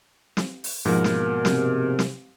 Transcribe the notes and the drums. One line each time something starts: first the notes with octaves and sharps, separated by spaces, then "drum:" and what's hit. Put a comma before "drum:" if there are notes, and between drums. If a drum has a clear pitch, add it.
drum: snare
drum: open hi-hat
G#2 B2 F3 A#3 A#4
drum: snare
C3, drum: snare
drum: snare